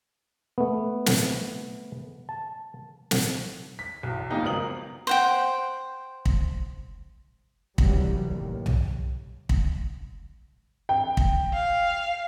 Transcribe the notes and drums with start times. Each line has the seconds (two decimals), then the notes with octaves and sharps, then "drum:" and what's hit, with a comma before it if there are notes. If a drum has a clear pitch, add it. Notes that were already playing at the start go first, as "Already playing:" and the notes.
0.58 A3 B3
1.06 drum: snare
2.29 A5
3.11 drum: snare
3.79 B6
4.03 B1 E2
4.30 C#3 F3 A#3 D#4 G4
4.43 G#1 F#3 B3 A#4 D#6 F#7
5.07 C5 F#5 G5
6.26 drum: kick
7.78 C2 E3 F#3 G3, drum: kick
8.28 A1 D#2 A2
8.66 drum: tom B1
9.49 drum: kick
10.89 G5
11.17 drum: kick
11.54 F5